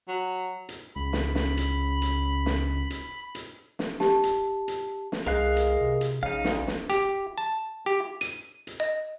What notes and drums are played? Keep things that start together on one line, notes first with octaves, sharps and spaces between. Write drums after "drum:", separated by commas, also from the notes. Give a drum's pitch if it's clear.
F#3
drum: hi-hat
C#2 B5
drum: snare
drum: snare
drum: hi-hat
drum: hi-hat
drum: snare
drum: hi-hat
drum: hi-hat
drum: snare
G4 A5, drum: snare
drum: hi-hat
drum: hi-hat
drum: snare
C2 G#3 A#4 F5 F#6
drum: hi-hat
C3
drum: hi-hat
A#1 C#3 D#4 F5
D2, drum: snare
drum: snare
G4, drum: hi-hat
A5
G4
D#7, drum: hi-hat
drum: hi-hat
D#5